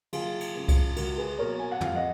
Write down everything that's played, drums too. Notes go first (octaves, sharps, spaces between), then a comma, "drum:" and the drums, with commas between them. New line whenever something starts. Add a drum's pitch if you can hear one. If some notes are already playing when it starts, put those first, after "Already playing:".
F#1 F4 G#4, drum: cymbal
drum: cymbal
F#2 C#3 F3 G#3
drum: kick C2, cymbal
C#2 F#4 A#4, drum: cymbal
G#4 B4
B2 F#3 A#3 A#4 C#5
G#5
F#5
F2 F5, drum: tom
D#5 F#5